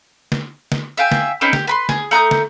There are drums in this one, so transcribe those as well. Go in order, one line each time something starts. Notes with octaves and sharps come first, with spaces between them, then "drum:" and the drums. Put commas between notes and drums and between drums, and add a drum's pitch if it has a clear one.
drum: snare
drum: snare
E5 F5 G5 G#5
drum: snare
C4 C#4 D#4 B4
G4, drum: snare
B4 B5 C6
G#4, drum: snare
A3 A#5 D#6 G6
drum: snare